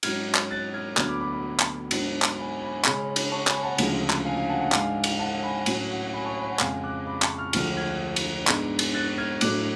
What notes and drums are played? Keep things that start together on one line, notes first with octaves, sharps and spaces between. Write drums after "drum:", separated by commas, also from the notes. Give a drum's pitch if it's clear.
G#2 F#3 C#4 F6 G#6, drum: cymbal
drum: clap
F#6 A6
F6 G#6
D2 D3 F#3 B3 D4 F6 G#6, drum: clap
B5 D6
B5 D6
B5 D6
drum: clap
G#2 F#3 B3 D4, drum: cymbal
drum: clap
G#5 B5
G#5 B5
C#3 G#3 C#4 G#5 B5, drum: clap
drum: cymbal
A5 C#6
G#5 B5, drum: clap
F#5 A5
D2 C#3 F3 G#3, drum: cymbal
drum: clap
F5 G#5
F5 G#5
F#5 A5
F#5 A5
G#2 G#3 D4 F5 G#5, drum: clap
drum: cymbal
F#5 A5
G#5 B5
A2 F#3 C#4, drum: cymbal
F#5
G#5 B5
A5 C#6
G#5 B5
F#5
F2 C#3 G#3 F5 G#5, drum: clap
D6 F#6
B5 D6
A5 C#6, drum: clap
C#6 F6
D2 D3 F3 G#3 D4 C#6 F6, drum: cymbal
F6 G#6
drum: cymbal
G#2 G#3 B3 D4, drum: clap
drum: cymbal
F#6 A6
F6 G#6
A2 F#3 A3 D4 D6 F#6, drum: cymbal